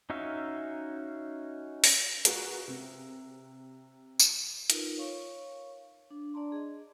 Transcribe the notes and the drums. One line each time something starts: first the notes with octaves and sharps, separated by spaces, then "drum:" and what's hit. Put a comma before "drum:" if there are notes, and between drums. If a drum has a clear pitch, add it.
C#4 D#4 F#4 E5 F5
drum: open hi-hat
F4 F#4 G#4 A#4 B4, drum: hi-hat
C3
drum: tambourine
D#4 F4 A#4 B4, drum: hi-hat
C#5 F5 C#6
D4
D4 D5 A5 A#5 C6
G#4 D#5